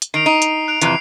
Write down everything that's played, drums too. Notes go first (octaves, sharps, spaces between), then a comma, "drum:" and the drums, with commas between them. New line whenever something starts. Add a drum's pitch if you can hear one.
drum: hi-hat
D#3 C7 D7 F7
D#4
drum: hi-hat
F#6 D7 F7
F2 C3 E3 C7, drum: hi-hat